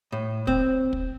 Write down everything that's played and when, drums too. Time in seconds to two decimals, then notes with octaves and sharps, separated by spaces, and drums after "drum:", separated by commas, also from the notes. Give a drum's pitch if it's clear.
0.12 A2
0.47 C4, drum: kick
0.93 drum: kick